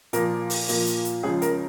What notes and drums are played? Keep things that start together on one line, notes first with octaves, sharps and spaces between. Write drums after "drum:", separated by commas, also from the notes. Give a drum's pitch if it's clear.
A#2 F3 A#3 A#4, drum: hi-hat
drum: open hi-hat
A#2 F3 A#3, drum: open hi-hat
drum: hi-hat
drum: hi-hat
C#2 C#3 F3 C#4 G#4
A#4, drum: hi-hat